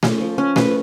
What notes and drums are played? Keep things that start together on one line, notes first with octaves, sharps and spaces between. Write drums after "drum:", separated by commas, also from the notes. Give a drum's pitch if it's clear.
C#4, drum: snare A3
F3
C#4
B4, drum: snare A3